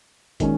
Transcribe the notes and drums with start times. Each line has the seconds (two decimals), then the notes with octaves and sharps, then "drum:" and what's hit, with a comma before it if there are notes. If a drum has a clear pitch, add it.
0.40 A#2 D#3 G#3 C#4, drum: kick, hi-hat